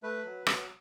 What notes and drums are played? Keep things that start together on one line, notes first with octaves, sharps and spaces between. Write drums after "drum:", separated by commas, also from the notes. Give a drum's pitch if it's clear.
A3 B4
F#3
F#3, drum: rim click